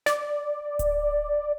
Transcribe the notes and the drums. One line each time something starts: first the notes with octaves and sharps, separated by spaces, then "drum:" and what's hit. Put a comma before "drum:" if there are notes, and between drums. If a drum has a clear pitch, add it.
D5, drum: snare
drum: kick D1, hi-hat